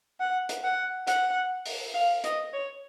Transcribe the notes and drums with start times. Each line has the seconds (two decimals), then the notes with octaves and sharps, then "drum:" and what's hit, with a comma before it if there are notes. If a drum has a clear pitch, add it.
0.20 F#5
0.49 drum: hi-hat
0.64 F#5
1.07 F#5, drum: hi-hat
1.66 drum: open hi-hat
1.94 F5
2.24 D#5, drum: hi-hat
2.53 C#5